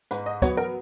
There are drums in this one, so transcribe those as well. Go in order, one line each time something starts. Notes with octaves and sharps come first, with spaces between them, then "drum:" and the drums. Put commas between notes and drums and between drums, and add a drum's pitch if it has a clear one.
G#2 B4, drum: hi-hat
D#5
F#3 B3 C#5, drum: kick, hi-hat
A#4